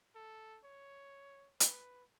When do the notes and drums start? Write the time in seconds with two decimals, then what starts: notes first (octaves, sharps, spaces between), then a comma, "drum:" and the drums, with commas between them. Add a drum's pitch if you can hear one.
0.16 A4
0.64 C#5
1.60 B4, drum: hi-hat